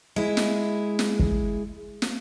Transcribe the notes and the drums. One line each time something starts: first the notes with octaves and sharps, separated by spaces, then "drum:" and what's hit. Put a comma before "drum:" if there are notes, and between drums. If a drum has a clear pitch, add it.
G#3 E4
drum: snare
drum: snare
drum: kick
drum: snare